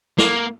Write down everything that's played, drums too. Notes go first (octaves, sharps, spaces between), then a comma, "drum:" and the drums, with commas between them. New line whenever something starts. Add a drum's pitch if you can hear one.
A#3, drum: snare